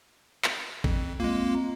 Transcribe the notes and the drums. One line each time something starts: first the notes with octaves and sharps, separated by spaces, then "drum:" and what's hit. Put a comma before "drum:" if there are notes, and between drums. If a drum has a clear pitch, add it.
drum: clap
F2, drum: kick A1
G#3 A#3 C4 F4
A#3